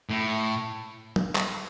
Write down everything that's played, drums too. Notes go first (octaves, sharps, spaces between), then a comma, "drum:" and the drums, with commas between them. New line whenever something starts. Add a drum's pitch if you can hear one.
A2
drum: tom
drum: clap